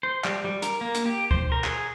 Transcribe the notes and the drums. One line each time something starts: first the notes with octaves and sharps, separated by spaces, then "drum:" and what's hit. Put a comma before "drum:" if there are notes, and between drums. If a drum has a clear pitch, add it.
C5
G3, drum: clap
G3
A#4, drum: hi-hat
A#3
drum: hi-hat
G4
C5, drum: kick C#2
A#4
G#4, drum: clap